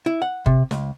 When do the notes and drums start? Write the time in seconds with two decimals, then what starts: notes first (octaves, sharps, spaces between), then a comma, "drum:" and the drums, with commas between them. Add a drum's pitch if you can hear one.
0.06 E4
0.22 F#5
0.46 C3, drum: kick F#1
0.71 C#2, drum: snare